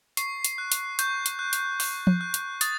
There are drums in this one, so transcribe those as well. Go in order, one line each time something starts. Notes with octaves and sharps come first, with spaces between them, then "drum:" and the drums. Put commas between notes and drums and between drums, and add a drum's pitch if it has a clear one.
C#6 C7, drum: hi-hat
drum: hi-hat
F#6
drum: hi-hat
C#6 G6, drum: hi-hat
drum: hi-hat
F#6
drum: hi-hat
C#6, drum: open hi-hat
drum: tom F3
F#6
drum: hi-hat
D#6 A6, drum: hi-hat